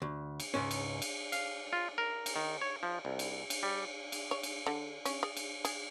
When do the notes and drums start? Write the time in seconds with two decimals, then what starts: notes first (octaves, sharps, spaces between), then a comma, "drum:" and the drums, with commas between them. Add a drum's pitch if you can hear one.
0.02 D2
0.40 drum: cymbal
0.54 C#2 G#2 C#4
0.71 drum: cymbal
1.02 drum: cymbal
1.32 F5, drum: cymbal
1.73 F4
1.98 A#4
2.26 drum: cymbal
2.36 D#3
2.61 C#5
2.83 F3
3.05 C2
3.19 drum: cymbal
3.50 drum: cymbal
3.63 G3
4.12 drum: cymbal
4.31 C#5
4.43 drum: cymbal
4.66 D3
5.05 C#4, drum: cymbal
5.23 G#4
5.37 drum: cymbal
5.65 G#4, drum: cymbal